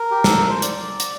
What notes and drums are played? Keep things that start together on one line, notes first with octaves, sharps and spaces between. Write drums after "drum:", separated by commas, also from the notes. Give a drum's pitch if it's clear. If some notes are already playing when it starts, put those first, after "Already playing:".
Already playing: A#4
G4
A4, drum: snare
A#4
C5
D5, drum: hi-hat
drum: hi-hat